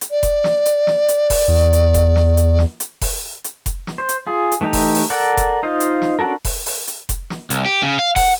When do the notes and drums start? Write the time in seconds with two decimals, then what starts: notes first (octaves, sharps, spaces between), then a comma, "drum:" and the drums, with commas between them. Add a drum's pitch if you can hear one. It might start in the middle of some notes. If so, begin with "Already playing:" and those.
0.01 drum: hi-hat
0.11 D5
0.23 drum: kick F1, hi-hat
0.44 drum: snare
0.66 drum: hi-hat
0.87 drum: snare
1.08 drum: hi-hat
1.30 drum: kick F1, open hi-hat
1.48 E2
1.73 drum: hi-hat
1.94 drum: kick F1, hi-hat
2.16 drum: snare
2.37 drum: hi-hat
2.59 drum: snare
2.80 drum: hi-hat
3.01 drum: kick F1, open hi-hat
3.44 drum: hi-hat
3.66 drum: kick F1, hi-hat
3.87 drum: snare
3.98 C5
4.09 drum: hi-hat
4.27 F4 G#4
4.52 drum: hi-hat
4.61 E3 A3 D#4 G4 A#5
4.73 drum: kick F1, open hi-hat
4.94 drum: open hi-hat
5.10 A4 A#4 D5 F#5
5.37 drum: kick F1, hi-hat
5.63 D#4 F4 C5 D#5 F5
5.80 drum: hi-hat
6.02 drum: snare
6.19 C#4 D4 F#4 A4 A#4
6.45 drum: kick F1, open hi-hat
6.66 drum: open hi-hat
6.87 drum: hi-hat
7.09 drum: kick F1, hi-hat
7.30 drum: snare
7.50 C2, drum: hi-hat
7.66 G4
7.83 C#3
7.99 F5
8.16 F#5, drum: kick F1, open hi-hat